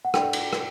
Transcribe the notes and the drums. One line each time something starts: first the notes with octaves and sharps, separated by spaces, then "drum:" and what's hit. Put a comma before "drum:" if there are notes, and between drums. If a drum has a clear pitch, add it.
F#5
D4 A4 D5 G5, drum: rim click
drum: cymbal
drum: rim click